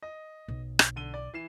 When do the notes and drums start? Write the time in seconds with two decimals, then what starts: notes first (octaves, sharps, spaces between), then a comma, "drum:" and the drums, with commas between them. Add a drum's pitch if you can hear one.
0.03 D#5
0.48 B1
0.79 drum: rim click
0.96 D3 D#7 G7
1.14 D5
1.33 E3 C7 E7